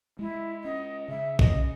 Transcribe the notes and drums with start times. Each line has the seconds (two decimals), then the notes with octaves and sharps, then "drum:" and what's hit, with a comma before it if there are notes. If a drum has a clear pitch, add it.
0.19 G#3 E4
0.64 C#4 D#5
1.08 C#3 E5
1.39 D#5, drum: kick
1.53 C#4